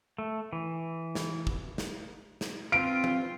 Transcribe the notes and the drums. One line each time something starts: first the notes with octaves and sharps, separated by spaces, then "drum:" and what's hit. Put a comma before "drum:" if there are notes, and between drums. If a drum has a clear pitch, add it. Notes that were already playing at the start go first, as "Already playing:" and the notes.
A3
E3
drum: snare
drum: kick
drum: snare
drum: snare
C4 F4 B4 F5 D7
drum: tom